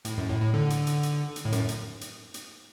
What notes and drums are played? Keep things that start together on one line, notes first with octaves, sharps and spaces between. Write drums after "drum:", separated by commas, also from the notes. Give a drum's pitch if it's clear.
A2, drum: hi-hat
F#2
A2
A2
D3
drum: hi-hat
drum: hi-hat
drum: hi-hat
drum: hi-hat
A2
F#2, drum: hi-hat
drum: hi-hat
drum: hi-hat
drum: hi-hat